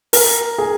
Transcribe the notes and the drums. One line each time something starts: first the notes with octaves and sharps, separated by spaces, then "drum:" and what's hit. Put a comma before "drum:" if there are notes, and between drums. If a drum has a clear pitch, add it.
A#4, drum: open hi-hat
G#4